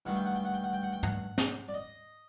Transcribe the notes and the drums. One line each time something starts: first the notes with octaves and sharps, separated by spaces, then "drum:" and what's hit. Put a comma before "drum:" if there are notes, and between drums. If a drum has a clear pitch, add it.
G2 D#3 A3 F#5
G5
F#5
G5
F#5
G5
F#5
G5
F#5
G5
F#5, drum: tom
drum: snare
D5
D#5